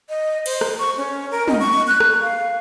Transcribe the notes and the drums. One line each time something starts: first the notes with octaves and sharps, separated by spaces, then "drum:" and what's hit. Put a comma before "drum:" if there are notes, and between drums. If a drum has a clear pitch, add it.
D#5
C5, drum: cymbal
drum: rim click
C#6
C#4
A#4
D#5, drum: tom
C#6
F#6
drum: rim click
F5